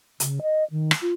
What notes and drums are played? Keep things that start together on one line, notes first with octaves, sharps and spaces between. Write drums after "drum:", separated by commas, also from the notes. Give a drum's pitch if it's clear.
C#3, drum: hi-hat
D#5
D#3
drum: rim click
F4